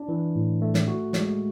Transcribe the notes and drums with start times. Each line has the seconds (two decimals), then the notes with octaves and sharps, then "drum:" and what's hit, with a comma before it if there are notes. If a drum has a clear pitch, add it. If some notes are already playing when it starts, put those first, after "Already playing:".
Already playing: D4
0.08 E3
0.36 A2
0.62 A3
0.74 drum: snare
0.88 F#4
1.13 G#3, drum: snare